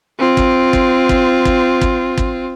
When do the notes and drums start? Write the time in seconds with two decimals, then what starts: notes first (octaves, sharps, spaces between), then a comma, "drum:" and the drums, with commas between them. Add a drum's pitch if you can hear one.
0.19 C4 F4
0.37 drum: kick
0.73 drum: kick
1.09 drum: kick
1.45 drum: kick
1.81 drum: kick
2.18 drum: kick